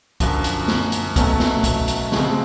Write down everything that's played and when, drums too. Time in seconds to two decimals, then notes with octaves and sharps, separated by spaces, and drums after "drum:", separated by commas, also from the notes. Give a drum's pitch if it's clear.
0.20 F#2 D3 F3, drum: kick, hi-hat
0.44 drum: hi-hat
0.68 drum: snare
0.92 drum: hi-hat
1.16 B1 B2 F#3 A3 C#4, drum: kick, hi-hat
1.40 drum: snare
1.64 drum: kick, hi-hat
1.88 drum: hi-hat
2.12 D2 C#3 F3 G#3 C4, drum: snare